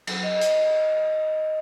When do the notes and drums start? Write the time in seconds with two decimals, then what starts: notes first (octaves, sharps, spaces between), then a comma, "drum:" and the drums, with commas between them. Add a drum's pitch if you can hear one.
0.07 F#3, drum: cymbal
0.23 D#5
0.41 drum: hi-hat